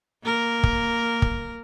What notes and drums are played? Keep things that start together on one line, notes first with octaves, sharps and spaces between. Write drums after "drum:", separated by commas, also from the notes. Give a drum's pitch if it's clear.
A#3 A#4
drum: kick
drum: kick